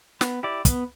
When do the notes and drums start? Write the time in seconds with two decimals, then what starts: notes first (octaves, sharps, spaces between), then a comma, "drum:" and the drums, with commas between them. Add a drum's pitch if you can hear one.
0.21 B3, drum: snare
0.43 E4 G4 D5
0.65 B3, drum: kick, hi-hat